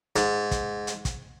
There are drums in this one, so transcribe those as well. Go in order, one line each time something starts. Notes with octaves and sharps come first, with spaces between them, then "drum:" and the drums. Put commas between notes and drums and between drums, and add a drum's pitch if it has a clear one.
G#2, drum: hi-hat
drum: kick, hi-hat
drum: hi-hat
drum: kick, hi-hat